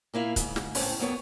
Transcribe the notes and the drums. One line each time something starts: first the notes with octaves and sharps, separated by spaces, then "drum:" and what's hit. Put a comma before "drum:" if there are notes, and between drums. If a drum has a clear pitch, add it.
A#2 A#3 E4 F5
G#2 C#3, drum: kick, hi-hat
drum: snare
A2 C4 C#4, drum: open hi-hat
F#2 A#3 B3 C#5